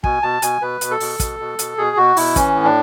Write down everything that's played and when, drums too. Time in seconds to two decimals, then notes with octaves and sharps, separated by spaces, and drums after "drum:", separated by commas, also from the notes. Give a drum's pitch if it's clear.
0.04 B2 G#5, drum: kick
0.23 B2 A5
0.42 B2 G#5, drum: hi-hat
0.61 B2 B4
0.81 B2, drum: hi-hat
0.91 A4
1.00 B2, drum: open hi-hat
1.20 B2, drum: kick, hi-hat
1.40 B2
1.59 B2, drum: hi-hat
1.78 B2 G#4
1.97 B2 F#4
2.17 B2 E4, drum: open hi-hat
2.36 E3 C#4, drum: kick, hi-hat
2.55 A2
2.65 D4